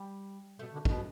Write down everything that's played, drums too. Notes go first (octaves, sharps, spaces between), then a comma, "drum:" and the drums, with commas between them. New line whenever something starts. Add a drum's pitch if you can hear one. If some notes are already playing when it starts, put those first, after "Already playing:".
Already playing: G3
B2 A3
B2 D3
B2, drum: kick